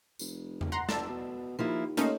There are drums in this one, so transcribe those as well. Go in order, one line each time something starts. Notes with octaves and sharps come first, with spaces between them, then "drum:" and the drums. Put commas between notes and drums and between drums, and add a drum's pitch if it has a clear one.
F1, drum: tambourine
drum: tom E2
F#5 A#5 C6
F#1 D5 A5 E6, drum: snare
B2
D#2 F3 A#3 E4
A3 A#3 C#4 D#4 C5, drum: hi-hat